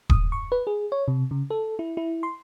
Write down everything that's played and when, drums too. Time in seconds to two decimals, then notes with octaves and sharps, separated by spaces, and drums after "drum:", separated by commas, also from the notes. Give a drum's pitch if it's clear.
0.10 D#6, drum: kick D#1
0.32 C#6
0.52 B4
0.67 G#4
0.92 C#5
1.08 C3
1.31 C#3
1.50 A4
1.79 E4
1.97 E4
2.23 C6